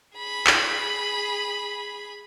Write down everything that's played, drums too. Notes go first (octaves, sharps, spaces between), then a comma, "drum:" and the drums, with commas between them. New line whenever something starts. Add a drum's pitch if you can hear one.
G#4 B5
drum: clap